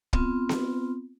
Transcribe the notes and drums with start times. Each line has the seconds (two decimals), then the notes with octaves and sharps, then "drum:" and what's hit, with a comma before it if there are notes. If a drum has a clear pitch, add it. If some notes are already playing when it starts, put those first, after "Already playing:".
0.13 B3 C4 F4, drum: kick
0.49 drum: snare B3